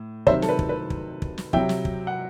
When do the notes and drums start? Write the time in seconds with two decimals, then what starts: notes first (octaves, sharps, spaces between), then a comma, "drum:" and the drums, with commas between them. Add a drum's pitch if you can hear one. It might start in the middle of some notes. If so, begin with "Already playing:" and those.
Already playing: A2
0.27 C3 D#3 F#3 C5 E5, drum: kick
0.42 A4, drum: snare
0.49 B4
0.59 drum: kick
0.69 B4
0.90 drum: kick
1.22 drum: kick
1.38 drum: snare
1.53 C3 F#3 E5 G5, drum: kick
1.69 drum: snare
1.85 drum: kick
2.07 F#5